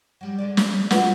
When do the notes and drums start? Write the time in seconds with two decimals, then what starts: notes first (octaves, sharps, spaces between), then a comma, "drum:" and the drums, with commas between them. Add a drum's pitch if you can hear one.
0.21 F#3 G3
0.38 D3 G#3 D5
0.57 drum: snare
0.91 A3 F4 F#4 G#4 B4 F#5, drum: snare